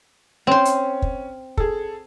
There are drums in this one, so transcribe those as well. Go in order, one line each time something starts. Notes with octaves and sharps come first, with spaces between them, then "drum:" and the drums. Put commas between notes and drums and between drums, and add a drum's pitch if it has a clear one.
C4 C#4 C5
drum: hi-hat
drum: kick
G#4 A4, drum: kick